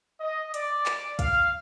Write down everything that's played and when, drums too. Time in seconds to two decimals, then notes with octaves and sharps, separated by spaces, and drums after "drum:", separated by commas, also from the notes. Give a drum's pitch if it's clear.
0.21 D#5
0.54 D5, drum: hi-hat
0.86 drum: clap
1.19 F5, drum: kick, hi-hat